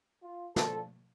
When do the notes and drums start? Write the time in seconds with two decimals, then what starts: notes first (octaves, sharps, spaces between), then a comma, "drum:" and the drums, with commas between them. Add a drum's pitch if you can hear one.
0.23 F4
0.56 E2 D3 F3 A4, drum: snare